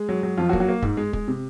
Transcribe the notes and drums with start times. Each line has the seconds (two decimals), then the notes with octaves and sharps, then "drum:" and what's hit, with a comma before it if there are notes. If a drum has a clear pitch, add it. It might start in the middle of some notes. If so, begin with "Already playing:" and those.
Already playing: G#3 G#4
0.09 F#3
0.23 F#3
0.37 F2 F3 F4
0.49 F#3 F#4
0.53 A#3, drum: kick
0.60 F#3 F#4
0.68 A#3
0.82 G#2, drum: kick
0.97 G#3
1.13 G#3, drum: kick
1.28 C3